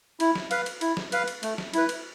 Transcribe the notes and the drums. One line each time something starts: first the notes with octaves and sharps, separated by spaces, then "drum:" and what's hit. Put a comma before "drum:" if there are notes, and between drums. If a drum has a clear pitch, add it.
E4, drum: cymbal
drum: snare
B4 F5, drum: cymbal
drum: cymbal
E4, drum: cymbal
drum: snare
B4 F5, drum: cymbal
drum: cymbal
A3, drum: cymbal
drum: snare
E4 B4, drum: cymbal
drum: cymbal